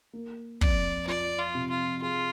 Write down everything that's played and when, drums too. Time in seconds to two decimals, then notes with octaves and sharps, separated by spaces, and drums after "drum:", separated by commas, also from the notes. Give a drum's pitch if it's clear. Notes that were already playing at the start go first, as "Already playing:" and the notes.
0.13 A#3
0.61 F2 D5, drum: kick
1.07 F3 D5
1.38 F4
1.55 C3
1.70 F4
2.02 F4 G#4